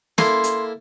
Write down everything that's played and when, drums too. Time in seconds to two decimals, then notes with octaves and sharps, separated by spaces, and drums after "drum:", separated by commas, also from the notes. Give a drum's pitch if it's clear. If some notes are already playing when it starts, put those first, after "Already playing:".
0.18 A#3 E4 A4 C6, drum: snare
0.44 drum: hi-hat